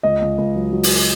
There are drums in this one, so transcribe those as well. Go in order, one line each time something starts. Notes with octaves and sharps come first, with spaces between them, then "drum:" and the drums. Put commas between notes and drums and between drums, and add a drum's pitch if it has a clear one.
C#2 D#5
C#2
C#2
F#3
F#3
drum: open hi-hat